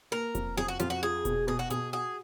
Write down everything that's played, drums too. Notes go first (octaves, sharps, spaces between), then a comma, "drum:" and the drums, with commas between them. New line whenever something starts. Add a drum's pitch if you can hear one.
A#3 A#4
F2, drum: kick E1, hi-hat
F2 G#4
F#4
F2 F4, drum: hi-hat
F#4
F4 G#4
B2, drum: kick E1, hi-hat
B2 G#4
F#4
B2 G#4, drum: hi-hat
F#4 G#4